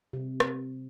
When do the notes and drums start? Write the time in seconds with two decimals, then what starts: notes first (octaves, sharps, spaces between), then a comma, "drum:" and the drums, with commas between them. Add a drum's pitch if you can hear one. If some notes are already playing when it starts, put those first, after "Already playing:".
0.13 C3
0.40 drum: rim click